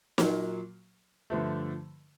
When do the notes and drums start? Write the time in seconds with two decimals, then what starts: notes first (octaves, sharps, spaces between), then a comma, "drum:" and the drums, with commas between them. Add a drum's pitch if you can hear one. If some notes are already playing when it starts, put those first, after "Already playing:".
0.18 A#2 F#3 A#3, drum: snare
1.30 G2 D3 F3 A3